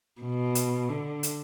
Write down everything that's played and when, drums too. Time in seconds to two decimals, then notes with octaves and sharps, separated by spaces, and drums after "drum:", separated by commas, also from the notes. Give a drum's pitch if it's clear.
0.21 B2
0.55 drum: hi-hat
0.89 D3
1.23 drum: hi-hat